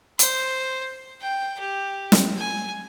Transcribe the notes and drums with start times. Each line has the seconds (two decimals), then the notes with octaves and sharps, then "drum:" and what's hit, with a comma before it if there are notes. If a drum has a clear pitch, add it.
0.19 C5, drum: hi-hat
1.21 G5
1.60 G4
2.12 drum: snare
2.36 G#5